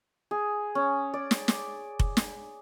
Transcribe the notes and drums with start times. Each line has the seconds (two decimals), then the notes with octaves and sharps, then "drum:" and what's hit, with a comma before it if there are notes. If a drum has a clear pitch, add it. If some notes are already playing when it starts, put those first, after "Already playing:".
0.31 G#4
0.75 C#4
1.14 D5
1.31 drum: snare
1.48 drum: snare
1.99 drum: kick F1
2.17 drum: snare